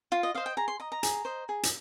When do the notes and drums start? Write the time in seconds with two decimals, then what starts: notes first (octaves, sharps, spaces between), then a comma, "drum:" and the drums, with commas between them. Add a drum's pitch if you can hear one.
0.12 F4 F5
0.23 D#5
0.35 C5 D#5 F5
0.46 G5
0.57 G#4 A#5
0.68 C6
0.80 D#5 A#5
0.92 A#5
1.03 G#4, drum: hi-hat
1.25 C5 D#5
1.49 G#4
1.63 drum: hi-hat